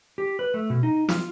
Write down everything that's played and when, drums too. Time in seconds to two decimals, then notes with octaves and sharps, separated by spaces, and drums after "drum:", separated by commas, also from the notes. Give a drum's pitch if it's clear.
0.18 G4
0.39 B4
0.54 A3
0.70 B2
0.83 D#4
1.09 F4, drum: snare